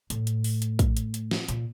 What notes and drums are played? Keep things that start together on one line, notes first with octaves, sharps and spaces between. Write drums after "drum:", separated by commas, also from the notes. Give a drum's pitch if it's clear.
A2, drum: hi-hat
drum: hi-hat
drum: open hi-hat
drum: hi-hat
drum: kick, hi-hat
drum: hi-hat
drum: hi-hat
drum: snare
A#2, drum: hi-hat